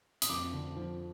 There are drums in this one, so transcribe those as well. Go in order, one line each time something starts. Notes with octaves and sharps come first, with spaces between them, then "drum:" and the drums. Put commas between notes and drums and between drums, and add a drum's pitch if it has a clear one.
D#6, drum: hi-hat
F2 D6
D3
F3